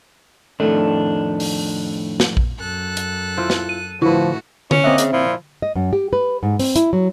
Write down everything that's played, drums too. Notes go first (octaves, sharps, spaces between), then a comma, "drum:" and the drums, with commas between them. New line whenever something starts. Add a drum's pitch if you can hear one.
F2 A2 D#3 A3 D4
drum: open hi-hat
drum: snare
drum: kick A#1
F#2 A4 F#6
drum: hi-hat
E4 F4 C5
drum: snare
D#7
A2 D3 F3 A3 E4 F#4 B4
C#4, drum: tom D3
A#3 C4 D#5 E5 F#6
C#3, drum: hi-hat
A#2 F3 E4
D#5
F#2
G4
B4
G#2
C4, drum: open hi-hat
E4, drum: hi-hat
F#3